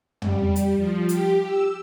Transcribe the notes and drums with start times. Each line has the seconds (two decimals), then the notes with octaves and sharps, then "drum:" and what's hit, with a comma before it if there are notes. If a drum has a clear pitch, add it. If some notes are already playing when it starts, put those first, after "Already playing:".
0.22 G3, drum: tom
0.56 drum: hi-hat
0.76 F3
1.09 G4, drum: hi-hat
1.45 E6